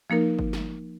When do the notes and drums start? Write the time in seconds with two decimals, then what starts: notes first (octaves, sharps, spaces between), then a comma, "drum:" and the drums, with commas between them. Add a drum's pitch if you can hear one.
0.10 F3 A#3 D#4 A#4
0.39 drum: kick G1
0.53 drum: snare